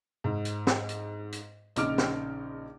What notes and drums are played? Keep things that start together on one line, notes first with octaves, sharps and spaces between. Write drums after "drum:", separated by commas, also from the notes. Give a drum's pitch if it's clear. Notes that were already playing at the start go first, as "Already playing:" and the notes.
G#2
drum: hi-hat
drum: snare
drum: hi-hat
drum: hi-hat
A#1 C#3 D#4 D6 F6 D7, drum: hi-hat
drum: snare